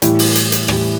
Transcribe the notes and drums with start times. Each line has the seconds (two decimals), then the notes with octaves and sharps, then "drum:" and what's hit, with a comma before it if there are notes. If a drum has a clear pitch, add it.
0.02 A2 E3 G3, drum: hi-hat
0.19 drum: open hi-hat
0.35 drum: hi-hat
0.52 drum: hi-hat
0.68 A2 E3 G3, drum: rim click